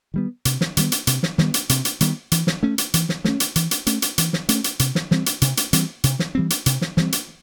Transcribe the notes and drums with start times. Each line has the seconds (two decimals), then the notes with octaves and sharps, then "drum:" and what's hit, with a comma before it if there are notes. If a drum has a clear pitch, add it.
0.14 D#3 G3 B3
0.45 C3, drum: hi-hat
0.61 drum: snare
0.77 D#3 G3 B3, drum: hi-hat
0.92 drum: hi-hat
1.07 C3, drum: hi-hat
1.23 drum: snare
1.38 D#3 G3 B3, drum: snare
1.54 drum: hi-hat
1.69 C3, drum: hi-hat
1.85 drum: hi-hat
2.01 D#3 G3 B3, drum: hi-hat
2.32 E3, drum: hi-hat
2.47 drum: snare
2.63 A3 C#4
2.78 drum: hi-hat
2.94 E3, drum: hi-hat
3.09 drum: snare
3.24 A3 C#4, drum: snare
3.40 drum: hi-hat
3.56 E3, drum: hi-hat
3.71 drum: hi-hat
3.87 A3 C#4, drum: hi-hat
4.02 drum: hi-hat
4.18 E3, drum: hi-hat
4.33 drum: snare
4.49 A3 C#4, drum: hi-hat
4.64 drum: hi-hat
4.79 C3, drum: hi-hat
4.95 drum: snare
5.11 E3 G3 C4, drum: snare
5.26 drum: hi-hat
5.42 C3, drum: hi-hat
5.57 drum: hi-hat
5.73 E3 G3 C4, drum: hi-hat
6.04 C3, drum: hi-hat
6.19 drum: snare
6.35 E3 G3 C4
6.50 drum: hi-hat
6.66 C3, drum: hi-hat
6.81 drum: snare
6.97 E3 G3 C4, drum: snare
7.12 drum: hi-hat